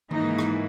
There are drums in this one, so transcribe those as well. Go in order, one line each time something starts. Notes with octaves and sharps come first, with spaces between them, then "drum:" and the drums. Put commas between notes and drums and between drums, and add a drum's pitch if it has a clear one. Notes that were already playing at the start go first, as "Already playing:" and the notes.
G#2 E3 A#3 D#4, drum: tom D#3
drum: rim click